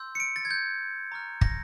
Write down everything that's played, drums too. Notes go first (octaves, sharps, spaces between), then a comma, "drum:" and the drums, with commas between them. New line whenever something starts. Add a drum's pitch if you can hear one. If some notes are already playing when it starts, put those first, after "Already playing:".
Already playing: C6 E6 G6
C#7
D7
A6
G#6
G6
A#5 C#6 F6
A#6, drum: kick